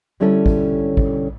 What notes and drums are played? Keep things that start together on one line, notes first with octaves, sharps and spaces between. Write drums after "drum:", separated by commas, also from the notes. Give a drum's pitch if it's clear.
D3 G3 C#4 E4 A4 C#5
drum: kick
drum: kick